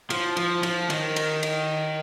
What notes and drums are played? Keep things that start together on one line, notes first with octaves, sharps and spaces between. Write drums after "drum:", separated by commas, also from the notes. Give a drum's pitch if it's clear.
F3, drum: cymbal
F3, drum: cymbal
F3, drum: cymbal
D#3, drum: cymbal
drum: cymbal
drum: cymbal